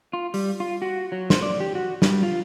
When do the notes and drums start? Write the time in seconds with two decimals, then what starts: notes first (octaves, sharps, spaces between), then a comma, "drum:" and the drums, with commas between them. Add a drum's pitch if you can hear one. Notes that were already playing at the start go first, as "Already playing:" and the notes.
0.13 F4
0.34 G3, drum: open hi-hat
0.60 F4
0.82 F#4
1.12 F#3
1.30 C5, drum: snare
1.43 D5
1.61 G4
1.75 F#4
2.02 G3, drum: snare
2.23 F4